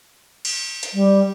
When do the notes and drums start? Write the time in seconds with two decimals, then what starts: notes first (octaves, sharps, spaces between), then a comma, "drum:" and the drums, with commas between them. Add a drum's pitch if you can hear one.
0.45 drum: cymbal
0.83 drum: hi-hat
0.94 G3